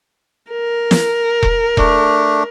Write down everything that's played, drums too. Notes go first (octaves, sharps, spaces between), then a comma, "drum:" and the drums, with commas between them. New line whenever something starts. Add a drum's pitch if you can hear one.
A#4
drum: snare
drum: kick E1
A3 D4, drum: kick E1